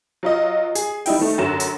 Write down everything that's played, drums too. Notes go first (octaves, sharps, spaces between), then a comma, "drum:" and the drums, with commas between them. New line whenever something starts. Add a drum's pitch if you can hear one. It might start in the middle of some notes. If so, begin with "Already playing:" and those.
F#3 F4 D#5
G#4, drum: hi-hat
G3 D#4 E4 G5, drum: open hi-hat
D#3 A3
F#2 D3 F#3 E7
drum: hi-hat